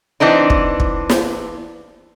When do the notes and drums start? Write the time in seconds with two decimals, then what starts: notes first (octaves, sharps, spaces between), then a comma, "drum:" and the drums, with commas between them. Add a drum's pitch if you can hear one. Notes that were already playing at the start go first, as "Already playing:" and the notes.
0.20 E3 C4 D4 D#4
0.50 drum: kick
0.80 drum: kick
1.10 drum: snare